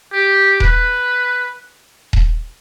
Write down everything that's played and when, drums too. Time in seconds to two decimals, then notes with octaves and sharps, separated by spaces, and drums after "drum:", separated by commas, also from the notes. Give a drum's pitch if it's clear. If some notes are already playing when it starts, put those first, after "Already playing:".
0.13 G4
0.60 B4, drum: kick D#1
2.13 drum: kick D#1